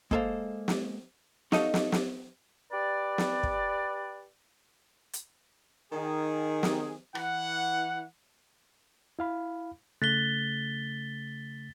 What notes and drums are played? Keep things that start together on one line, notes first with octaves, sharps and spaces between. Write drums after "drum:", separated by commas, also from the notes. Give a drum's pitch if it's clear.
G#3 A#3 A4 C5 F5, drum: kick
drum: snare
C#4 D#4 F#4 A4 D#5 F5, drum: snare
drum: snare
drum: snare
G4 B4 D5
drum: snare
drum: kick
drum: hi-hat
D#3 G#4
drum: snare
E3 F#5, drum: rim click
E4 F5 B5
C#3 A3 F#6 A6 B6 G7